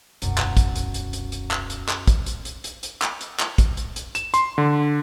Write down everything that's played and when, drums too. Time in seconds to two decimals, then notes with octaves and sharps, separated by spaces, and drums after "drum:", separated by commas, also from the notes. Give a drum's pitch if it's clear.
0.22 E1 C2 F#2, drum: hi-hat
0.38 drum: clap
0.57 drum: kick, hi-hat
0.75 drum: hi-hat
0.94 drum: hi-hat
1.13 drum: hi-hat
1.32 drum: hi-hat
1.51 drum: clap
1.70 drum: hi-hat
1.89 drum: clap
2.07 drum: kick, hi-hat
2.26 drum: hi-hat
2.45 drum: hi-hat
2.64 drum: hi-hat
2.83 drum: hi-hat
3.02 drum: clap
3.21 drum: hi-hat
3.40 drum: clap
3.58 drum: kick, hi-hat
3.77 drum: hi-hat
3.96 drum: hi-hat
4.15 E7, drum: hi-hat
4.34 C6, drum: hi-hat
4.58 D3